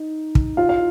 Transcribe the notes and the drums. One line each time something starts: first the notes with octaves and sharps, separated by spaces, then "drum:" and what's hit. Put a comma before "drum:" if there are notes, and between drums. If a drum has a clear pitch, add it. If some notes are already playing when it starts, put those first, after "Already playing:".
Already playing: D#4
drum: kick
F4 F5
F5